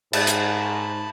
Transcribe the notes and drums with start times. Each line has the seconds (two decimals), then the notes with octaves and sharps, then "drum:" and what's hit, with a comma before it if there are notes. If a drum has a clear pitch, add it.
0.13 G#2 A5 B5, drum: cymbal
0.27 drum: hi-hat